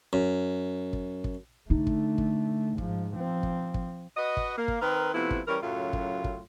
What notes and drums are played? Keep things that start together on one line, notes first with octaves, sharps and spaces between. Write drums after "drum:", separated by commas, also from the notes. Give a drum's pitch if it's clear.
F#2
drum: kick
drum: kick
D3 A3 D#4
drum: kick
drum: kick
G#2 F3, drum: kick
F3 C4
drum: kick
drum: kick
F#4 B4 D#5
drum: kick
A#3
drum: kick
D#3 C4 A#4 B4
C3 F3 A3 B3 E4
drum: kick
E3 G3 C#4 A#4
F#2 A2 C#3 F#3 F4
drum: kick
drum: kick